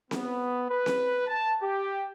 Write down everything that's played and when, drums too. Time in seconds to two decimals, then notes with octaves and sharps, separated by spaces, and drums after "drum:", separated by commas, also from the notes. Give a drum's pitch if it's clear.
0.11 B3, drum: snare C4
0.69 B4
0.86 drum: snare C4
1.27 A5
1.61 G4